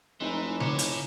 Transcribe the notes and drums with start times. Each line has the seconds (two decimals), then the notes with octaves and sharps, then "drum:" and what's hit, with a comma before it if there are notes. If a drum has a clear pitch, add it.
0.20 F1 E3 G#3 D#4 E4
0.60 A#3 D4 E4 C#5 D5, drum: tom C#3
0.79 drum: hi-hat